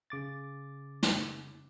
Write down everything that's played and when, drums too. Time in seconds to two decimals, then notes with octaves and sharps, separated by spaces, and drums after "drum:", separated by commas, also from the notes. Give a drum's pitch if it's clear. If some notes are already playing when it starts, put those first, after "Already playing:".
0.10 C#3 D6 A6
1.03 drum: snare